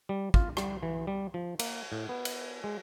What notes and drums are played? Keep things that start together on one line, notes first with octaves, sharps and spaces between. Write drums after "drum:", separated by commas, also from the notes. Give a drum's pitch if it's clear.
G3
F4, drum: kick
G3, drum: rim click
E3
G3
F3
A#3, drum: cymbal
A2
B3
drum: cymbal
G#3